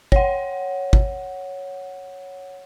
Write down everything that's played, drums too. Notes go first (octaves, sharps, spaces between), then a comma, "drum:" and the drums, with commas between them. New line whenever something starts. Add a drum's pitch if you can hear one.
C#5 F#5, drum: kick
drum: kick